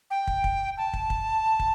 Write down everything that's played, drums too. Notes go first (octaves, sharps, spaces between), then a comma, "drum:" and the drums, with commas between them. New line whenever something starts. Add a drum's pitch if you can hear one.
G5
drum: kick
drum: kick
A5
drum: kick
drum: kick
drum: kick